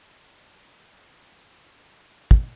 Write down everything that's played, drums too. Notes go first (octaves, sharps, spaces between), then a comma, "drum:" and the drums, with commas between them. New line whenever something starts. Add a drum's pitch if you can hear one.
C2 F#2 A#2
drum: kick